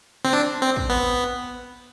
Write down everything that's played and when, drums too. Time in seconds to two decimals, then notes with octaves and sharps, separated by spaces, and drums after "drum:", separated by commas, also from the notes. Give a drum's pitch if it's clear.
0.25 C4, drum: snare
0.33 D4
0.62 C4
0.76 drum: kick
0.90 B3